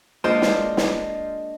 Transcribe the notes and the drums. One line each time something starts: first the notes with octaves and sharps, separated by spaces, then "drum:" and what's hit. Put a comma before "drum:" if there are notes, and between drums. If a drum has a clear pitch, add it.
G#3 A#3 D4 F4 C5 D#5
drum: snare
drum: snare